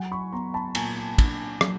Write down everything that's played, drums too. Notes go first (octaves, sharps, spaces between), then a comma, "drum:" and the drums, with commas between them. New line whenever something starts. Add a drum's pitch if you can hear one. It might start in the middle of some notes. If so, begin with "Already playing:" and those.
Already playing: F#3 F#5 G#5
B5 C#6
B3 A#5 C6
A5 B5
A#2 G#5 A#5, drum: cymbal
D4, drum: kick, cymbal
F#3, drum: rim click